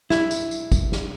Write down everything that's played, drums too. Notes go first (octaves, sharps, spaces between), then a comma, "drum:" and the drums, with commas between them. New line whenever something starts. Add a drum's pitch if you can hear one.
E4, drum: snare
drum: tambourine
drum: tambourine
drum: kick, tambourine
drum: snare